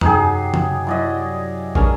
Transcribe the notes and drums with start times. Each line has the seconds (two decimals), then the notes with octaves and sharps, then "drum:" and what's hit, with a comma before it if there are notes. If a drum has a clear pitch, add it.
0.01 F#2 C3 D#4 G4 G#4, drum: tom E2
0.54 drum: tom C#3
0.87 F#3 E4 D5 D#5
1.75 C#4 D4 G#4 A#4, drum: kick